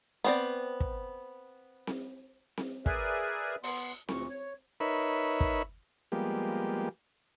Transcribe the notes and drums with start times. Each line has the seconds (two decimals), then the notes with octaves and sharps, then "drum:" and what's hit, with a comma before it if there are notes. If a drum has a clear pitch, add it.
0.24 B3 C4 D5, drum: hi-hat
0.80 drum: kick
1.87 drum: snare C4
2.57 drum: snare C4
2.86 G#4 A#4 B4 D5 E5 G#5, drum: kick
3.63 B3 C6, drum: open hi-hat
4.09 D2 A#2 C#6, drum: snare C4
4.30 C#5
4.80 D#4 A#4 B4 C#5 E5 B5
5.40 drum: kick
6.12 F3 G3 G#3 A#3 B3 G4